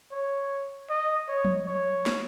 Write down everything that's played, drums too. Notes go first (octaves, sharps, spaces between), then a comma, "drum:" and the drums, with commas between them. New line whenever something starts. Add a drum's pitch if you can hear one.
C#5
D#5
C#5
drum: tom F3
C#5
drum: snare